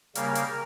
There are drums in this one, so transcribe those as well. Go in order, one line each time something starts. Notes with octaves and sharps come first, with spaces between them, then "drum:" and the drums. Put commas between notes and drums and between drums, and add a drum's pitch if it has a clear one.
C#3 G3 A#3 A#4, drum: hi-hat
drum: hi-hat